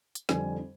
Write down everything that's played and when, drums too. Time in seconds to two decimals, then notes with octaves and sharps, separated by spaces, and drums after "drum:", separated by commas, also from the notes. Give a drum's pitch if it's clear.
0.15 drum: hi-hat
0.29 F2 D3 G3 G#5, drum: snare